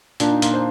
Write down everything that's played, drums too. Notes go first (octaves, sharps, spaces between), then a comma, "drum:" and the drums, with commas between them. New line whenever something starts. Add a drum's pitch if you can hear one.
A#2 D4, drum: hi-hat
D#4
A#2 F4, drum: hi-hat
C5